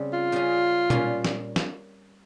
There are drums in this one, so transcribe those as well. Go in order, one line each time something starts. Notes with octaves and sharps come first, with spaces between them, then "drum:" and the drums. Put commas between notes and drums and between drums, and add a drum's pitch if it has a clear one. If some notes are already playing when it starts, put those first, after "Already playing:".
Already playing: C#3 G3 C4
F4
C#3 G3 C#4 G#4
A#2 G3 C#4, drum: tom
drum: snare
drum: snare